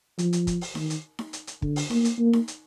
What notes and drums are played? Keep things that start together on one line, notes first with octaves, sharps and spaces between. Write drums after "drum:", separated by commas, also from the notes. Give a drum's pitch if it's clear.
F3, drum: hi-hat
drum: hi-hat
drum: kick, hi-hat
drum: open hi-hat
D#3, drum: snare D#4
drum: hi-hat
drum: snare D#4
drum: hi-hat
drum: hi-hat
D3, drum: kick
drum: open hi-hat
A#3, drum: snare D#4
drum: hi-hat
A#3
drum: snare D#4
drum: hi-hat